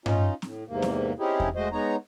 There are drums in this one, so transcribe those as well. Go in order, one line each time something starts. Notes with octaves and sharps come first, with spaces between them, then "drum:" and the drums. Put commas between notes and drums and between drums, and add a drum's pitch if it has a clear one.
C#4 D#4 F4, drum: tom G2
A2, drum: snare C4
E2 G#2 C3 A#3
drum: snare C4
C4 C#4 D#4 E4 G4 G#4
drum: kick E2
G#3 A3 F#4 C5 D#5
G#3 B3 D#4 C#5 A#5